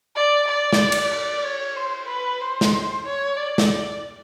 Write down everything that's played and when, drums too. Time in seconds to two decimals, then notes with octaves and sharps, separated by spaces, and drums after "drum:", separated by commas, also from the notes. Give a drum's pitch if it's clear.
0.16 D5
0.48 D5
0.73 drum: snare
0.92 drum: cymbal
1.13 D5
1.44 C#5
1.77 C5
2.09 B4
2.41 C5
2.61 drum: snare
3.05 C#5
3.37 D5
3.58 drum: snare